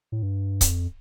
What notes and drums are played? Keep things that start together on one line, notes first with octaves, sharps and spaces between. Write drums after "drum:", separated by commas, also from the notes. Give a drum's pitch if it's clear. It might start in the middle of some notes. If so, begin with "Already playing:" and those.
A2
G2
F2, drum: kick C#1, hi-hat